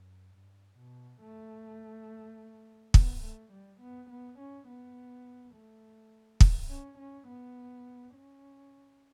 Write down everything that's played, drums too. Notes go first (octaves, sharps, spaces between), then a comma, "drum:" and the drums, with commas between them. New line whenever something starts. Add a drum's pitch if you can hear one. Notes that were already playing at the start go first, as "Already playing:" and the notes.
Already playing: F#2
G2
B2
A3
B3, drum: kick
A3
G3
B3
B3
C#4
B3
A3
drum: kick
C#4
C#4
B3
C#4